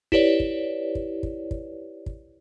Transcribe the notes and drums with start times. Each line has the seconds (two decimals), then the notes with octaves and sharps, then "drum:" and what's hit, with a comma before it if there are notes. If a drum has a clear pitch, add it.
0.12 E4 G4 B4 C#5 D5, drum: kick
0.40 drum: kick
0.95 drum: kick
1.23 drum: kick
1.51 drum: kick
2.06 drum: kick